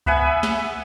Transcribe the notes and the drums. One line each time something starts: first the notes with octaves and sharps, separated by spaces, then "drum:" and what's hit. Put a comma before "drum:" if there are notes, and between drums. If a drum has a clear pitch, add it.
B3 E5 F#5 G#5, drum: kick C#2
drum: snare A3